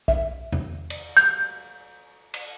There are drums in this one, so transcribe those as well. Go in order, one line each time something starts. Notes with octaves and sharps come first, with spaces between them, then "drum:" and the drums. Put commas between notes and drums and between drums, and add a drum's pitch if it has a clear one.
E5, drum: kick A#1
drum: tom E2
drum: cymbal
G6
drum: cymbal